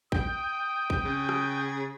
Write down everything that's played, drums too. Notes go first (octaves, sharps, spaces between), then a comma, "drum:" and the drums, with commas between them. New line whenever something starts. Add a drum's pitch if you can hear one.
G5 D#6, drum: kick
drum: kick
C#3
drum: rim click